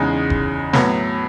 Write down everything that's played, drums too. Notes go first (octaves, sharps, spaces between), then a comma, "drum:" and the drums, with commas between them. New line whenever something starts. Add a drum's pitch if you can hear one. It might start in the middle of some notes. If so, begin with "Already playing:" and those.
Already playing: E2 C#3 G#3 D#4
drum: kick F1
A2 F#3 B3, drum: snare